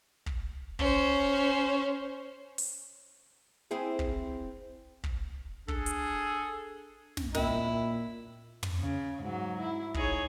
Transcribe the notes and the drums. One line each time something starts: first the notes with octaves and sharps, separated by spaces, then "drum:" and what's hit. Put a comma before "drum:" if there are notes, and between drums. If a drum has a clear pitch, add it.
drum: kick
C#4 C5, drum: kick
drum: open hi-hat
C4 E4 G#4
drum: kick
drum: kick
D4 G#4 A4, drum: kick
drum: hi-hat
drum: snare
A#2 E4 A#4 D#5 G5, drum: snare
drum: tom
C#3
G#2 F#3
E4
D#4 G#4 C#5, drum: kick